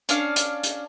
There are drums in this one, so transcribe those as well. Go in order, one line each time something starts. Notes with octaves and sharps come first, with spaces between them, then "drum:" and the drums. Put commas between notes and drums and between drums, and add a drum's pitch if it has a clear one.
C#4 D4 F5, drum: hi-hat
drum: hi-hat
drum: hi-hat